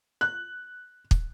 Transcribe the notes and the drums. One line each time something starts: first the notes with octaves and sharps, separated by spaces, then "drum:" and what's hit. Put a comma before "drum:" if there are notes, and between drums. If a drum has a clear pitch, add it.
F#6
drum: kick